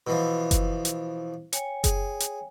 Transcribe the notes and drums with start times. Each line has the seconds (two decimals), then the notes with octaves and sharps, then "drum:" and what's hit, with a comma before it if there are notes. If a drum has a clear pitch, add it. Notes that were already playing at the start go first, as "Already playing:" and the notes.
0.07 B2 E3 F3 E4 C5
0.51 drum: kick F#1, hi-hat
0.85 drum: hi-hat
1.53 C#5 G5 G#5, drum: hi-hat
1.84 G#4, drum: kick F#1, hi-hat
2.20 drum: hi-hat